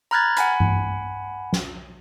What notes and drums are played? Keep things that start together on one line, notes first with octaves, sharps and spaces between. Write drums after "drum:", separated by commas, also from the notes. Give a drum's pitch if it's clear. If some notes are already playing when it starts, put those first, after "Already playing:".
A#5 B5 F6 F#6 G#6 A6
F#5 G#5 B5, drum: hi-hat
drum: tom G2
drum: snare